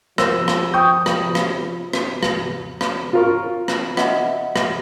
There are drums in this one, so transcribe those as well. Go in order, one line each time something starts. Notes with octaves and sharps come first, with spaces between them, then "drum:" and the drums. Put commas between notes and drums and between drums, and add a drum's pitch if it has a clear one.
F3 A#4 C5 E6, drum: rim click
drum: rim click
G5 C#6 D#6 G6
drum: rim click
drum: rim click
drum: rim click
drum: rim click
drum: rim click
F4 A#4 C#6
drum: rim click
D#5 E5 F#5, drum: rim click
drum: rim click